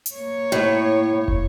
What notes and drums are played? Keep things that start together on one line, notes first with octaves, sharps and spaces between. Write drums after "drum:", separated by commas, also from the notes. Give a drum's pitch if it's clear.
drum: hi-hat
A#3 C#5
A2
drum: kick